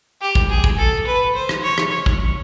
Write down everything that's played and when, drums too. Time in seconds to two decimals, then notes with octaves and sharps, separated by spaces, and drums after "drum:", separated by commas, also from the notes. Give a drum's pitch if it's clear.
0.21 G4
0.35 drum: kick
0.50 G#4
0.64 drum: kick
0.78 A4
1.07 B4
1.35 C5
1.49 drum: rim click
1.63 C#5
1.78 drum: rim click
1.92 C#5
2.06 drum: kick